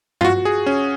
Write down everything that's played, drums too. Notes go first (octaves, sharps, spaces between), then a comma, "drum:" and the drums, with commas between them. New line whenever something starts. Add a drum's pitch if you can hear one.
F4, drum: tom
F#4
G#4
C#4